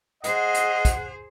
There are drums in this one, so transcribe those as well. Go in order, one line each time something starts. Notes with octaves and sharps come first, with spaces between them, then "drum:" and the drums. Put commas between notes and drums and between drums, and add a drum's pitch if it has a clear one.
G#4 C5 D#5 F#5, drum: hi-hat
drum: hi-hat
drum: kick, hi-hat